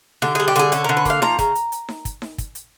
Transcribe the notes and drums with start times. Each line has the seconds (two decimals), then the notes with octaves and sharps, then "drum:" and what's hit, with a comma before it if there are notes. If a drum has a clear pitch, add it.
0.22 D3 G4, drum: snare D#4
0.35 G3 G#4
0.48 G4
0.56 D3 G#4, drum: hi-hat
0.72 C#4 A4, drum: hi-hat
0.84 D3 A#4
0.97 B4
1.05 A#3 F5, drum: kick, hi-hat
1.22 F3 A#5, drum: snare D#4
1.39 C#3, drum: kick, hi-hat
1.55 drum: hi-hat
1.72 drum: hi-hat
1.89 drum: snare D#4
2.05 drum: kick, hi-hat
2.22 drum: snare D#4
2.38 drum: kick, hi-hat
2.55 drum: hi-hat